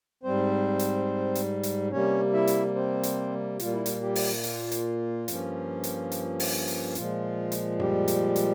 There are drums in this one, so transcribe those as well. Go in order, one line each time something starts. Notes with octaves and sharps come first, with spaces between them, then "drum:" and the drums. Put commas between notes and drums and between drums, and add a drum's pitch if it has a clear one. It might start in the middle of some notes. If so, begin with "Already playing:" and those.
G#2 G3 C4 C5
drum: hi-hat
drum: hi-hat
drum: hi-hat
C3 G3 A#3 C#4 C#5
E4 E5
drum: hi-hat
C4 C5
drum: hi-hat
A#2 G3 A#3 F4, drum: hi-hat
E4
F4, drum: hi-hat
G3 G4
drum: open hi-hat
F4, drum: hi-hat
drum: hi-hat
G2 F3 A#3 C#4, drum: hi-hat
drum: hi-hat
drum: hi-hat
drum: open hi-hat
drum: hi-hat
A#2 F3 G#3 F4, drum: hi-hat
drum: hi-hat
G3 G4, drum: tom F#2
drum: hi-hat
drum: hi-hat